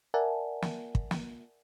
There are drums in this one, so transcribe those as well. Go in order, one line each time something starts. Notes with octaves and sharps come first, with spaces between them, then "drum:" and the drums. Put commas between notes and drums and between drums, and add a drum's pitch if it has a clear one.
A#4 D5 E5 F#5 G#5 A5
drum: snare
drum: kick
drum: snare